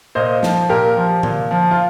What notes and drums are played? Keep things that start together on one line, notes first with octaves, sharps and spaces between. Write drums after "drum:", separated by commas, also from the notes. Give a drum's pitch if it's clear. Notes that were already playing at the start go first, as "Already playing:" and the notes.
A#2 C5 D#5
F3, drum: snare
A#2 G4 A#4
F3
A#2, drum: tom D3
F3
F4